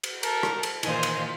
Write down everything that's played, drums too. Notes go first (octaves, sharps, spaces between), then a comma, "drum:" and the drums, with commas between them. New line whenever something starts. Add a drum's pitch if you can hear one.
drum: cymbal
A4 A#4, drum: cymbal
drum: rim click
drum: cymbal
A#2 D#3 E3 F4 C5 D#5 G#5, drum: cymbal
drum: cymbal